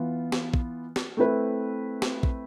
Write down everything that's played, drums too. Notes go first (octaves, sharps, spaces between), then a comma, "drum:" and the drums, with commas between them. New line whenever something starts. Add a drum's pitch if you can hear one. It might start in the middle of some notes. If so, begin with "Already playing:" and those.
Already playing: E3 B3 F4
drum: snare
drum: kick
drum: snare
A3 C4 E4 B4
drum: snare
drum: kick